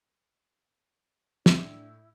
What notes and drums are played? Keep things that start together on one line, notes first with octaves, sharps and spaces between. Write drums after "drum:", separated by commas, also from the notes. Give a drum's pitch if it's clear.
A2 D4 E4, drum: snare